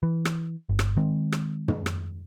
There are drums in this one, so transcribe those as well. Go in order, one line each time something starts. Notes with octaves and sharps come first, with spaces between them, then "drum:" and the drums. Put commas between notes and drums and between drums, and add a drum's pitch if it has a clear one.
E3
drum: rim click
G1
drum: rim click
D#3 G#3 C4
drum: rim click
drum: tom
drum: rim click